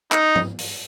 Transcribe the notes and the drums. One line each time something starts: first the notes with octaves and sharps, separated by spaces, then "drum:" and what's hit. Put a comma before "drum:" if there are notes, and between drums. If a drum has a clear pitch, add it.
D#4, drum: clap
drum: tom
drum: open hi-hat